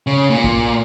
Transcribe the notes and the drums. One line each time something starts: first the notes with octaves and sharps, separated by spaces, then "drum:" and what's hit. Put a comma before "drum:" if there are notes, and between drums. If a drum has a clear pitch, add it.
C#3
A#2
drum: kick